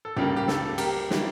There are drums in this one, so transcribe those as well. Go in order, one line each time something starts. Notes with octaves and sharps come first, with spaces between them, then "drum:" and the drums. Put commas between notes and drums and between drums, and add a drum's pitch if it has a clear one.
A4
C#2 C#3 G3 A#3 G4, drum: tom G2
G4
A4, drum: snare
G4 A#4, drum: cymbal
E3 G3 A#3, drum: snare